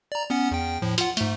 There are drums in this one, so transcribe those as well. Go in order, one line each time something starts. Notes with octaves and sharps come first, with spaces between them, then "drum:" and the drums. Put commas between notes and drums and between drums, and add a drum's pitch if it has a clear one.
D5 A#5
B3 C#4 F#5
E2 G5
A2 F3
F4 F#5, drum: hi-hat
G#2 A3, drum: hi-hat